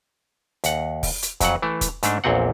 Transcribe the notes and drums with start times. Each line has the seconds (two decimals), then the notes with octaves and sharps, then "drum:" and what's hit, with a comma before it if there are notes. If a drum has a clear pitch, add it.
0.64 D#2 F#5, drum: hi-hat
1.03 drum: kick, open hi-hat
1.22 drum: hi-hat
1.40 F2 F#3 F#5, drum: kick, hi-hat
1.62 E3 A3
1.81 drum: kick, hi-hat
2.03 G#2 A3 D4, drum: hi-hat
2.24 A#1 E2 A#2 C4 F#5